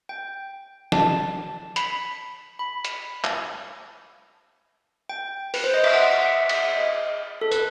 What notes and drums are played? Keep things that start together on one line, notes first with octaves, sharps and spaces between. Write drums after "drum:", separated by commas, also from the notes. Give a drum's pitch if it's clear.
G5
A5, drum: snare
B5, drum: hi-hat
B5
drum: hi-hat
drum: clap
G5
B4, drum: open hi-hat
C5
D#5
E5, drum: cymbal
F#5
F#5
E5
E5, drum: cymbal
D#5
A4
B4, drum: tambourine